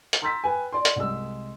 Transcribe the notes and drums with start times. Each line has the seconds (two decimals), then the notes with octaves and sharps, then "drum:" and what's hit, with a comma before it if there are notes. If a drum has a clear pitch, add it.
0.13 drum: hi-hat
0.22 A#5 C6 E6 G6 A6 B6
0.44 B4 G5 G#5
0.73 D5 C6
0.85 drum: hi-hat
0.96 C2 G#3 E6